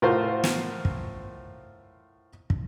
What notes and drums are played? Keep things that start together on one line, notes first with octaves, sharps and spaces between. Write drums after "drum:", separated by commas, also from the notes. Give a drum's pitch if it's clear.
A2 F4 F#4 A#4 C5 F5
drum: snare
drum: kick
drum: kick